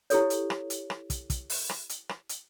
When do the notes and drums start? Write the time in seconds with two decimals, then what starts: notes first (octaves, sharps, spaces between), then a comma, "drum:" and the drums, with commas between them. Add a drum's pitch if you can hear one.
0.10 E4 G4 A4 C#5, drum: hi-hat
0.30 drum: hi-hat
0.50 drum: rim click
0.70 drum: hi-hat
0.90 drum: rim click
1.10 drum: kick, hi-hat
1.30 drum: kick, hi-hat
1.50 drum: open hi-hat
1.70 drum: rim click
1.89 drum: hi-hat
2.09 drum: rim click
2.29 drum: hi-hat